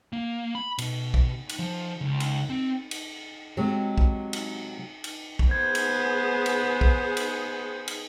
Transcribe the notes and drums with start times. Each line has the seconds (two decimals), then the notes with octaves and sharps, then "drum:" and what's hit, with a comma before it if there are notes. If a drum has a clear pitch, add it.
0.13 A#3
0.55 B5
0.78 B2, drum: cymbal
1.14 drum: kick
1.49 drum: cymbal
1.59 F3
2.01 C#2
2.20 drum: cymbal
2.50 C4
2.91 drum: cymbal
3.57 C3 F#3 G#3
3.98 drum: kick
4.33 drum: cymbal
5.04 drum: cymbal
5.39 drum: kick
5.51 B3 G#4 C5 G#6
5.75 drum: cymbal
6.46 drum: cymbal
6.81 drum: kick
7.17 drum: cymbal
7.88 drum: cymbal